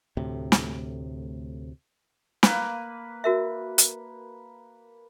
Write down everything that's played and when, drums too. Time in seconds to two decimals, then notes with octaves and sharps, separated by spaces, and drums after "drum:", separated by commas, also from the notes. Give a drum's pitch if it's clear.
0.17 D2 A2 C3
0.52 drum: snare
2.43 A#3 B4, drum: snare
3.24 F#4 A#4 E5
3.78 drum: hi-hat